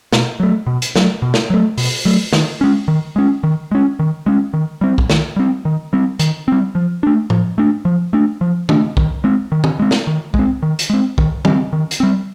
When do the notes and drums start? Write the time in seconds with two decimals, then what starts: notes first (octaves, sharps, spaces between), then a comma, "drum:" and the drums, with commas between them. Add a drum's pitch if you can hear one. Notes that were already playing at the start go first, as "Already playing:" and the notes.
0.13 B2, drum: snare
0.40 F#3 A3
0.67 B2
0.82 drum: hi-hat
0.96 F#3 A3, drum: snare
1.22 B2
1.34 drum: snare
1.50 F#3 A3
1.78 B2, drum: open hi-hat
2.05 F#3 A3
2.33 D#3, drum: snare
2.61 G#3 C#4
2.88 D#3
3.16 G#3 C#4
3.43 D#3
3.71 G#3 C#4
3.99 D#3
4.26 G#3 C#4
4.53 D#3
4.81 G3 C4
4.98 drum: kick
5.10 D#3, drum: snare
5.36 G3 C4
5.65 D#3
5.93 G3 C4
6.19 D#3, drum: hi-hat
6.48 G3 C4
6.75 F3
7.03 A3 D4
7.30 F3, drum: tom A2
7.58 A3 D4
7.85 F3
8.13 A3 D4
8.41 F3
8.69 A3 D4, drum: tom D#3
8.97 D#3, drum: kick
9.24 G#3 C4
9.52 D#3
9.64 drum: tom D#3
9.79 G#3 C4
9.91 drum: snare
10.07 D#3
10.34 G#3, drum: kick
10.39 C4
10.63 D#3
10.79 drum: hi-hat
10.90 G#3 C4
11.18 D#3, drum: kick
11.45 G3 C4, drum: tom D#3
11.73 D#3
11.91 drum: hi-hat
12.00 G3 C4